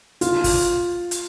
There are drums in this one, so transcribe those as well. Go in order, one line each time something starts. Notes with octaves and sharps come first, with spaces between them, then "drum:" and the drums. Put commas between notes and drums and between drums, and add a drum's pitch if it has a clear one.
F4, drum: hi-hat
drum: kick, open hi-hat
drum: hi-hat